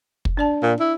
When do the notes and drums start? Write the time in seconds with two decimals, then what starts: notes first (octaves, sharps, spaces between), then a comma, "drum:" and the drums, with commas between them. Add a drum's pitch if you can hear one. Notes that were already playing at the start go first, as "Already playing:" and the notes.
0.25 drum: kick
0.37 D4 D5 A5
0.62 A#2
0.80 E4